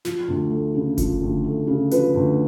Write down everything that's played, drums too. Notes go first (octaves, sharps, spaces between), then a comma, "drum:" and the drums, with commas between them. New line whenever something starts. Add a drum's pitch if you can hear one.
F3, drum: snare
D2
A3
C#3
F3, drum: kick F#1, hi-hat
D2
A3
C#3
F3 B4, drum: hi-hat
D2